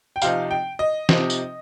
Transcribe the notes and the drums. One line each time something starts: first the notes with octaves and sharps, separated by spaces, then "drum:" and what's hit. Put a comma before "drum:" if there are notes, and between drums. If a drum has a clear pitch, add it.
G5
C3 F3 C4 D#4 F5, drum: tambourine
G5
D#5
C3 F3 C4 D#4, drum: snare
drum: tambourine